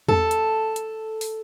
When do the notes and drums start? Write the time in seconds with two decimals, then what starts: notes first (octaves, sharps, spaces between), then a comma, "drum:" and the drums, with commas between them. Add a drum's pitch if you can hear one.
0.08 A4, drum: tom E2
0.31 drum: hi-hat
0.76 drum: hi-hat
1.21 drum: open hi-hat